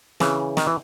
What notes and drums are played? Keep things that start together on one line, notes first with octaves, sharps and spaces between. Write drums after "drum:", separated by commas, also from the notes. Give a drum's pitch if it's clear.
C#3 E3, drum: snare
D#3, drum: snare
E3